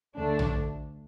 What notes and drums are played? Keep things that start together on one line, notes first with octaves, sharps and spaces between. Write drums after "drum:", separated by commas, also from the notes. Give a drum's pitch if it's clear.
D2 D3 A3 D4
drum: tom A#1